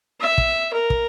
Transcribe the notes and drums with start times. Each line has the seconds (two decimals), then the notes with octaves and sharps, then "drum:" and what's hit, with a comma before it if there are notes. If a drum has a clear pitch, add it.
0.20 E5
0.38 drum: kick
0.72 A#4
0.90 drum: kick